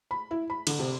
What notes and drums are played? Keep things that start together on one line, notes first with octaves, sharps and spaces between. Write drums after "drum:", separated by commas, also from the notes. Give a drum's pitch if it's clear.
B5
E4
B5
D3, drum: cymbal
C3